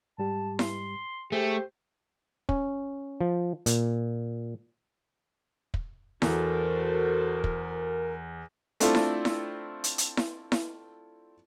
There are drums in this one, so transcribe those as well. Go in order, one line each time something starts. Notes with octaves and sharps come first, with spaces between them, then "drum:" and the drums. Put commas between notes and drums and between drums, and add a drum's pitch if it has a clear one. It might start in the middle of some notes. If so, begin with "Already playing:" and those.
G#2 G3 G4 A5
C6, drum: snare E4
A3 G4 G#4 C5
C#4, drum: kick
F3
A#2, drum: hi-hat
drum: kick
E2 F#4 A4 A#4 C5, drum: snare E4
drum: kick
A3 C4 D4 E4 F4 A4, drum: hi-hat
drum: snare E4
drum: snare E4
drum: hi-hat
drum: hi-hat
drum: snare E4
drum: snare E4